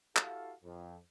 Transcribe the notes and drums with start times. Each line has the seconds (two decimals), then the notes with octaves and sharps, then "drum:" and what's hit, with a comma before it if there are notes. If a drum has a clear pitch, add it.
0.16 E4 F#4 G4 A4 F5, drum: clap
0.64 F2